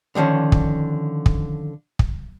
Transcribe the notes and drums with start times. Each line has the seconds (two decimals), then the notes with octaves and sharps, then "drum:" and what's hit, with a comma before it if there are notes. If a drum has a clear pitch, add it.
0.15 D3 D#3 F3 C#4
0.52 drum: kick
1.26 drum: kick
1.99 drum: kick